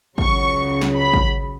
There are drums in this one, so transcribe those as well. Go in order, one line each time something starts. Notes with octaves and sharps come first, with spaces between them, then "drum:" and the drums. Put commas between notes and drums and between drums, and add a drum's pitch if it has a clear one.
C#2 C#3 F#3 C#6, drum: kick
drum: snare
B5
drum: kick